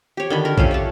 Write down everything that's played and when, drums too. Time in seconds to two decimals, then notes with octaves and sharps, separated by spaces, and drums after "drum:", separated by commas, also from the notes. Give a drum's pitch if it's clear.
0.17 G4 C#5
0.30 D3 D#3 B5
0.45 A#4
0.58 A3 C#4 F4 G4, drum: kick A#1
0.71 C#5 F#5 A5